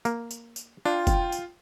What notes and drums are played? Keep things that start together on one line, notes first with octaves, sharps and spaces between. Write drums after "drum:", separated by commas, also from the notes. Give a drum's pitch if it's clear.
A#3, drum: tambourine
drum: tambourine
drum: tambourine
D4 F4 G5
drum: kick, tambourine
drum: tambourine